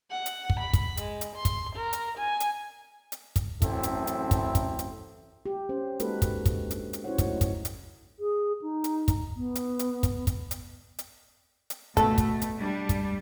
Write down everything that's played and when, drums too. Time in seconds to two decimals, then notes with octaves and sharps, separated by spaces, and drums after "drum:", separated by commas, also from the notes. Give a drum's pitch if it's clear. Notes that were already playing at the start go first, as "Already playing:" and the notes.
0.11 F#5
0.26 drum: hi-hat
0.50 drum: kick
0.60 B5
0.73 drum: kick, hi-hat
0.97 G#3, drum: hi-hat
1.21 drum: hi-hat
1.36 C6
1.45 drum: kick, hi-hat
1.76 A#4
1.93 drum: hi-hat
2.18 G#5
2.40 drum: hi-hat
3.12 drum: hi-hat
3.36 drum: kick, hi-hat
3.62 A1 F#2 C4 E4 A4, drum: kick, hi-hat
3.83 drum: hi-hat
4.07 drum: hi-hat
4.31 drum: kick, hi-hat
4.55 drum: kick, hi-hat
4.79 drum: hi-hat
5.46 G4
5.69 C#4 C5
6.00 G#3 A#3 D#4 F#4 A4 B4, drum: hi-hat
6.22 drum: kick, hi-hat
6.46 drum: kick, hi-hat
6.71 D4, drum: hi-hat
6.93 drum: hi-hat
7.04 C#4 E4 F#4 C5 C#5 F#5
7.18 F#3 A3 D#4 E4 F#4, drum: kick, hi-hat
7.41 drum: kick, hi-hat
7.65 drum: hi-hat
8.19 G#4
8.61 D#4
8.84 drum: hi-hat
9.08 drum: kick, hi-hat
9.36 B3
9.55 drum: hi-hat
9.79 drum: hi-hat
10.03 drum: kick, hi-hat
10.27 drum: kick, hi-hat
10.51 drum: hi-hat
10.98 drum: hi-hat
11.70 drum: hi-hat
11.97 B2 A3 A4, drum: kick, hi-hat
12.18 drum: kick, hi-hat
12.42 drum: hi-hat
12.58 G3 D4
12.89 drum: kick, hi-hat